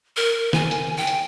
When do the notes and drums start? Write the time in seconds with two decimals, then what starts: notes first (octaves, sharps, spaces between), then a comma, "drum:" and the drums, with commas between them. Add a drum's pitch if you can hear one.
0.17 A#4
0.53 G#5, drum: snare
0.71 drum: hi-hat
0.97 G5
1.07 drum: hi-hat